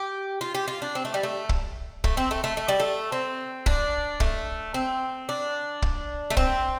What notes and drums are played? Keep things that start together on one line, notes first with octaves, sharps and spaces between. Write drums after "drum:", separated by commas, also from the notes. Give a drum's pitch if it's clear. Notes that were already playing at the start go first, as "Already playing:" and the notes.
Already playing: G4
F4
G4
F4
D4
C4
A3
G3
A3
drum: kick
A3, drum: kick
C4
A3
A3
A3
G3
A3
C4
D4, drum: kick
A3, drum: kick
C4
D4
drum: kick
A3
C4, drum: kick